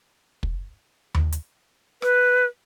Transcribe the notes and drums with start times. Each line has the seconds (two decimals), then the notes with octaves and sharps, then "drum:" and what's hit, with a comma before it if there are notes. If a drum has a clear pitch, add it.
0.43 drum: kick
1.15 drum: tom D#2
1.32 drum: hi-hat
2.02 B4, drum: rim click